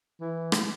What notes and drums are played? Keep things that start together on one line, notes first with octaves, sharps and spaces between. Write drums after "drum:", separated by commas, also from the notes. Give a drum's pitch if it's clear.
E3
drum: rim click